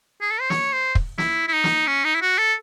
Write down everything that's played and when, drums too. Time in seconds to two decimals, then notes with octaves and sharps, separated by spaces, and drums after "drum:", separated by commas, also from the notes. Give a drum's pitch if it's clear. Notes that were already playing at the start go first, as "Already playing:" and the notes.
0.21 G#4
0.31 A4
0.41 C5
0.50 C#5, drum: snare
0.73 C5
0.95 drum: kick
1.18 E4, drum: snare
1.48 E4
1.53 D#4
1.64 drum: snare
1.87 C#4
2.04 D#4
2.15 E4
2.22 F#4
2.38 A4